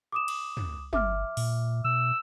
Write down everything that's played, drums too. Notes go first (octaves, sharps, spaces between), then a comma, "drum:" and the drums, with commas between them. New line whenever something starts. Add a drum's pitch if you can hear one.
D6 D#6 E7
drum: cymbal
drum: tom
G1 E5 D6 F6, drum: tom
A#2, drum: open hi-hat
B2 E6